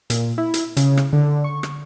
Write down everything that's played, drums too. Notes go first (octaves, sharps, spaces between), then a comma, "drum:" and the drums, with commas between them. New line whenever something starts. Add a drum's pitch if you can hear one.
A#2, drum: hi-hat
E4
drum: hi-hat
C#3, drum: hi-hat
drum: rim click
D3
C#6
drum: rim click